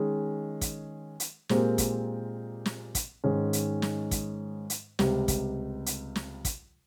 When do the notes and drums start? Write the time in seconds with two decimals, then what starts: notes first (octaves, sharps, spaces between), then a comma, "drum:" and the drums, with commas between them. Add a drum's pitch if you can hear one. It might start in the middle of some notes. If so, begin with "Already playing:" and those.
Already playing: D#3 G#3 C#4 G#4
0.61 drum: kick, hi-hat
1.20 drum: hi-hat
1.49 A#2 G#3 C4 G4 A#4, drum: snare
1.78 drum: kick, hi-hat
2.66 drum: snare
2.95 drum: kick, hi-hat
3.24 G#2 D#3 G#3 C#4
3.53 drum: hi-hat
3.82 drum: snare
4.11 drum: kick, hi-hat
4.70 drum: hi-hat
4.99 C#2 C3 G3, drum: snare
5.28 drum: kick, hi-hat
5.86 drum: hi-hat
6.16 drum: snare
6.45 drum: kick, hi-hat